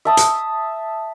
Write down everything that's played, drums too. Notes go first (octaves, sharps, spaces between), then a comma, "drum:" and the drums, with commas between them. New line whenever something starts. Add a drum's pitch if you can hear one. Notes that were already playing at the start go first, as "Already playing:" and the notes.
E5 A5 D#6
drum: hi-hat